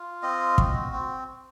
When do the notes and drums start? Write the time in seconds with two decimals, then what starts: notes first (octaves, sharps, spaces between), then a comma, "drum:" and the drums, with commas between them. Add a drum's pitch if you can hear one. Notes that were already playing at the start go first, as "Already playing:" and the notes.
Already playing: F4
0.23 C4 D#5
0.58 F#4, drum: kick
0.93 C4